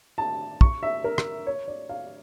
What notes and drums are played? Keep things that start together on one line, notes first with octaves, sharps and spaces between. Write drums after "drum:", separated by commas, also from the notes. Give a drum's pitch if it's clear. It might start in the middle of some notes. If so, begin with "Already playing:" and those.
A5
C#6, drum: kick
E5
A#4
drum: rim click
C#5
D5
F5